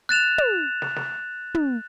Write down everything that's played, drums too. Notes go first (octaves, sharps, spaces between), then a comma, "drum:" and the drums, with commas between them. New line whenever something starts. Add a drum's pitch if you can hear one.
F#6 A6 E7 F7
drum: tom
drum: snare
drum: snare
drum: tom